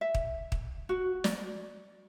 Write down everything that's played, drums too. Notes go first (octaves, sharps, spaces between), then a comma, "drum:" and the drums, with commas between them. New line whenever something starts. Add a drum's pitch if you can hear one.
E5
drum: kick
drum: kick
F#4
D5, drum: snare